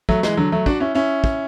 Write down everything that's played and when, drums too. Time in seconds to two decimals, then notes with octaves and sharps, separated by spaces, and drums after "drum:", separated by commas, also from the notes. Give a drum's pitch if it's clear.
0.09 F#3 A3, drum: kick
0.23 E3 G#3, drum: snare
0.37 D3 F#3
0.52 F#3 A3
0.66 D4 F#4, drum: kick
0.80 C#4 E4
0.95 C#4 E4
1.24 drum: kick